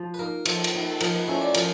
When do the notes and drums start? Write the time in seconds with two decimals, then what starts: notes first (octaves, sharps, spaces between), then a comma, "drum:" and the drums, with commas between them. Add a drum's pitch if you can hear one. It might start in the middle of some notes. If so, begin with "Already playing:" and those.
Already playing: F3
0.14 B4
0.19 A#3 D#4 A#4
0.45 F3 A4, drum: cymbal
0.64 drum: cymbal
0.73 A#3 D#4
0.89 A4
1.00 F3 A#4, drum: cymbal
1.14 B4
1.28 A3 C#4 E4 C5
1.41 D5
1.54 F3 A#4, drum: cymbal